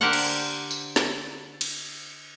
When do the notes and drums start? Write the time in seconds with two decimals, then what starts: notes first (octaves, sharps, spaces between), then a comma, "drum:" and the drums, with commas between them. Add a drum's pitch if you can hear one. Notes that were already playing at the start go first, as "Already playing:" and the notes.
0.01 D3 G4 A#4 C5 F#5
0.13 drum: cymbal
0.71 drum: tambourine
0.96 drum: snare
1.61 drum: cymbal